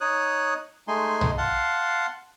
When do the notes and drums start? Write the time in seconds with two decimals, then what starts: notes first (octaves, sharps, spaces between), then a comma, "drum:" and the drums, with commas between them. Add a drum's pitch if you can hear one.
0.01 D#4 C#5 D#6 F#6
0.88 G#3 A3 D#4 G#5 C6
1.21 drum: tom B1
1.38 F5 F#5 A5 C6